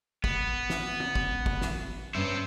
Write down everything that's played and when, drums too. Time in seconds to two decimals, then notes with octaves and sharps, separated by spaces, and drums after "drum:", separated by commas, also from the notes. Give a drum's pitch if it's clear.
0.24 B3, drum: kick
0.70 drum: snare
1.00 drum: tom
1.15 drum: kick
1.46 drum: kick
1.61 drum: snare
2.15 G2 C#4 C5 E5